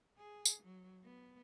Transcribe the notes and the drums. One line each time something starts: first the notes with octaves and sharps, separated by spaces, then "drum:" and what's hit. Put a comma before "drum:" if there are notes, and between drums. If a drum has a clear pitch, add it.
G#4
drum: tambourine
F#3
B3